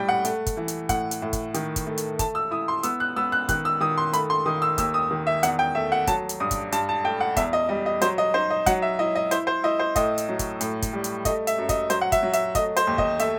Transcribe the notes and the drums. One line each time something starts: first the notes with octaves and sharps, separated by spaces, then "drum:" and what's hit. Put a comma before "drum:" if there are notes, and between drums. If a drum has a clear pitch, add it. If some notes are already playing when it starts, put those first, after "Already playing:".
Already playing: A2 G3 G5
F#5
A3, drum: hi-hat
drum: kick, hi-hat
E3
drum: hi-hat
A2 F#5, drum: kick, hi-hat
drum: hi-hat
A2
drum: kick, hi-hat
D#3, drum: hi-hat
drum: kick, hi-hat
A3
drum: hi-hat
A3 A5, drum: kick, hi-hat
E6
E4 D#6
C6
B3 E6, drum: hi-hat
F#6
B3 E6
F#6
D#3 F#6, drum: kick, hi-hat
E6
D#3 D#6
C6
A3 B5, drum: hi-hat
C6
D#3 D#6
E6
D#2 E6, drum: kick, hi-hat
D#6
D#3
E5
E2 F#5, drum: hi-hat
G5
A3 E5
F#5
F#3 A5, drum: kick, hi-hat
drum: hi-hat
G2 D#6
drum: kick, hi-hat
G2 A5, drum: hi-hat
A5
A3 G5
F#5
E2 E5, drum: kick, hi-hat
D#5
G3 D#5
D#5
F#3 C5, drum: hi-hat
D#5
D#4 C5
D#5
F#3 F#5, drum: kick, hi-hat
E5
E4 D#5
D#5
E4 C5, drum: hi-hat
C5
E4 D#5
C5
A2 D#5, drum: kick, hi-hat
drum: hi-hat
F#3
drum: kick, hi-hat
A2, drum: hi-hat
drum: kick, hi-hat
G3
drum: hi-hat
A3 D#5, drum: kick, hi-hat
E5, drum: hi-hat
F#2
D#5, drum: kick, hi-hat
F#3 C5, drum: hi-hat
F#5
E5, drum: kick, hi-hat
F#3
E5, drum: hi-hat
A3 D#5, drum: kick, hi-hat
C5, drum: hi-hat
D#2
D#5, drum: kick
A3 E5, drum: hi-hat